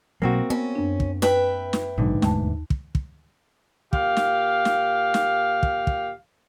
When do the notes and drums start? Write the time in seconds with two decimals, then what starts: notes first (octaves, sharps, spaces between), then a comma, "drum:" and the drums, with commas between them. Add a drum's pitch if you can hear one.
0.22 B2 F#3 A#3 C4 F#4
0.50 B3 C#4
0.75 F#2 D4
1.00 drum: kick
1.22 B4 E5 G5, drum: snare
1.73 drum: snare
1.98 A#1 G#2 B2 D3 F#3 D#4
2.22 E1 D#2 G#3 A3 A5, drum: snare
2.70 drum: kick
2.95 drum: kick
3.93 A#2 G4 F5, drum: kick
4.17 drum: snare
4.65 drum: snare
5.14 drum: snare
5.63 drum: kick
5.87 drum: kick